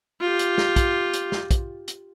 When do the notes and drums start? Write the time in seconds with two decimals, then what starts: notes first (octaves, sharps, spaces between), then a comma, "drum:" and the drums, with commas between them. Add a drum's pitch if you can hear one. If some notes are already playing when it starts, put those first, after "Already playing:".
0.21 F4 G4
0.39 drum: hi-hat
0.58 drum: snare
0.76 drum: kick, hi-hat
1.13 drum: hi-hat
1.32 drum: snare
1.51 drum: kick, hi-hat
1.88 drum: hi-hat